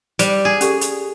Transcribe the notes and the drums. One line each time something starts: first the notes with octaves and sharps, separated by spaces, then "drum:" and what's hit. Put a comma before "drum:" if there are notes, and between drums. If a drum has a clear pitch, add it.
G3 C5, drum: hi-hat
G#4
C#4 G4 A4, drum: hi-hat
drum: hi-hat